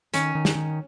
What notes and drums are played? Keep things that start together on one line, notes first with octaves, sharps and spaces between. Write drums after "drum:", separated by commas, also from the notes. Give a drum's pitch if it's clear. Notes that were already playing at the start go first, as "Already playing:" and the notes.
D#3 C#4, drum: hi-hat
D#3
drum: snare
D#3